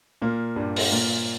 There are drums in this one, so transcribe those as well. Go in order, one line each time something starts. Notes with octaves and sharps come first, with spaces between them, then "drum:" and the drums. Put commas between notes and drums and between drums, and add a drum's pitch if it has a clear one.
A#2 A#3
G2 G3
drum: open hi-hat
A#2 A#3